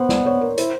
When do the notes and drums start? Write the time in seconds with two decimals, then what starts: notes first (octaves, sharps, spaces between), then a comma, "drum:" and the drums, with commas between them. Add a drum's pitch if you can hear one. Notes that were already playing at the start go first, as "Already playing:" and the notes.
Already playing: B3 C5
0.09 D5, drum: snare
0.26 C#5
0.41 A#4
0.58 E4 C5, drum: hi-hat